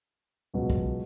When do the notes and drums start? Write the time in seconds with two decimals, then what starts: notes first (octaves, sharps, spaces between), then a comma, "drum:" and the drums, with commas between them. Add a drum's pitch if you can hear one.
0.54 C#2 B2 F#3 B3
0.70 drum: kick